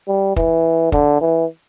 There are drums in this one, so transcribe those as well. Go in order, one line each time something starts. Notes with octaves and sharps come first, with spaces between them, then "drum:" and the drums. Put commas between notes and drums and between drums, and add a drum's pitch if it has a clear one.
G3
E3, drum: kick
D3, drum: kick
E3